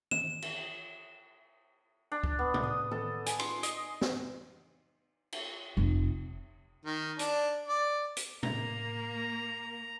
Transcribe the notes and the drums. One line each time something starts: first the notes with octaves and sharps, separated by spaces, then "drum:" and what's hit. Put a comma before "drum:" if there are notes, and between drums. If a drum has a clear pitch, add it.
E7, drum: tom
drum: cymbal
D4
drum: kick C#2
B3
drum: tom A2
D#6
A4, drum: tom
G#5, drum: hi-hat
C6, drum: cymbal
D#5, drum: hi-hat
drum: snare
drum: cymbal
F1
D#3
D4, drum: hi-hat
D5
drum: hi-hat
A#3 A#5, drum: tom A2